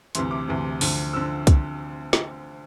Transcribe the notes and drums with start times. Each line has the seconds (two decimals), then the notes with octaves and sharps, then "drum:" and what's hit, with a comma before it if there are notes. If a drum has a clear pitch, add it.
0.15 D2 C3 E3 C6, drum: hi-hat
0.31 D6
0.48 D2 C3 E3
0.81 D2 D3 F3, drum: open hi-hat
1.13 D3 F3 E6
1.47 drum: kick, hi-hat
2.13 drum: snare